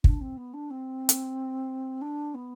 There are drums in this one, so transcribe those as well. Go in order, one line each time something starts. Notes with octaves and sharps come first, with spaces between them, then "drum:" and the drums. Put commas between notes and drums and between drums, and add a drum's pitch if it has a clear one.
D4, drum: kick
C4
B3
D4
C4
drum: hi-hat
D4
B3